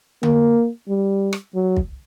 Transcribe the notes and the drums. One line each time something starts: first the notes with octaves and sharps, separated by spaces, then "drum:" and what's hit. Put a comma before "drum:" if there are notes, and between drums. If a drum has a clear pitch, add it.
A#3, drum: tom D3
G3
drum: rim click
F#3
drum: kick